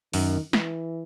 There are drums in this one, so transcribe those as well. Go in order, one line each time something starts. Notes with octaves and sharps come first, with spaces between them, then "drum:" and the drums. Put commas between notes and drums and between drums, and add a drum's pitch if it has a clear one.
F#2 D#3, drum: open hi-hat
E3, drum: snare